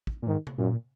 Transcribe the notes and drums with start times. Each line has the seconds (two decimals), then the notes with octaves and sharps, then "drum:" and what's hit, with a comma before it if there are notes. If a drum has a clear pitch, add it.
0.07 drum: kick
0.22 A#2
0.27 G#2 D#3
0.47 drum: tom C3
0.58 F#2 A#2